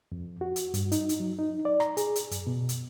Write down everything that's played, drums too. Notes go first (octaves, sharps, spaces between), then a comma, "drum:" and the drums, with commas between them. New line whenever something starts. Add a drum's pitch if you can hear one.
F2
F#4
drum: hi-hat
G2, drum: hi-hat
D#4, drum: hi-hat
drum: hi-hat
F#3
D#4
D5
A#5, drum: rim click
G#4, drum: hi-hat
drum: hi-hat
F#2, drum: hi-hat
B2
drum: hi-hat